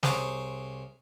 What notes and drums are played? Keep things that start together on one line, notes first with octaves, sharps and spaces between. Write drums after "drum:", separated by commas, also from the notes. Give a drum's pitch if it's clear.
C2 G#4 C5 C#5 D6 D#6, drum: snare